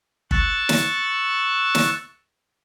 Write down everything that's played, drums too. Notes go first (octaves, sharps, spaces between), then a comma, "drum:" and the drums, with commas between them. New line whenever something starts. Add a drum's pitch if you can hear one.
C#6 E6 F#6 A6, drum: kick
drum: snare
drum: snare